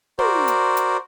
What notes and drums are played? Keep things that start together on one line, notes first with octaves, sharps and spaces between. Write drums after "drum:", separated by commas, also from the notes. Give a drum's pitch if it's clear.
F#4 A#4 C5 D5, drum: tom
drum: hi-hat
drum: hi-hat